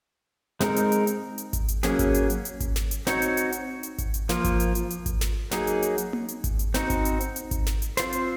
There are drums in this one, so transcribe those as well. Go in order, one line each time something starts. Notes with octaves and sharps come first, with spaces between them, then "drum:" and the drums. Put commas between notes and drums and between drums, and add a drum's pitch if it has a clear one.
G#3 C4 D#4 A#4, drum: snare
drum: hi-hat
drum: hi-hat
drum: hi-hat
drum: hi-hat
drum: kick G#1, hi-hat
drum: hi-hat
F#3 A#3 C#4 G#4, drum: snare
drum: kick G#1, hi-hat
drum: hi-hat
drum: hi-hat
drum: hi-hat
drum: kick G#1, hi-hat
drum: snare
drum: hi-hat
C4 D#4 F#4 C#5, drum: snare
drum: hi-hat
drum: hi-hat
drum: hi-hat
drum: hi-hat
drum: kick G#1, hi-hat
drum: hi-hat
F3 A#3 F4, drum: snare
drum: kick G#1, hi-hat
drum: hi-hat
drum: hi-hat
drum: hi-hat
drum: kick G#1, hi-hat
drum: snare
F#3 A#3 D#4 G#4, drum: snare
drum: hi-hat
drum: hi-hat
drum: hi-hat
drum: tom A#3
drum: hi-hat
drum: kick G#1, hi-hat
drum: hi-hat
C4 D#4 F#4, drum: snare
drum: kick G#1, hi-hat
drum: hi-hat
drum: hi-hat
drum: hi-hat
drum: kick G#1, hi-hat
drum: snare
drum: hi-hat
C4 F4 C5, drum: snare
drum: hi-hat